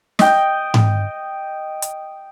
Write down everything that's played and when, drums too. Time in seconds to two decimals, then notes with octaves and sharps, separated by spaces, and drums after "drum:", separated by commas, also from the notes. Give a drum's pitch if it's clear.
0.19 D#5 G5, drum: snare
0.74 drum: tom G#2
1.82 drum: hi-hat